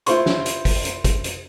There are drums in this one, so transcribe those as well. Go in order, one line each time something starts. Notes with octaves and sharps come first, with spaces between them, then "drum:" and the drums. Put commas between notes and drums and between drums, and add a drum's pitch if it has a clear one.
E4 F4 C5 C6 C#6, drum: hi-hat
drum: snare
drum: hi-hat
drum: kick, open hi-hat
drum: hi-hat
drum: kick, hi-hat
drum: hi-hat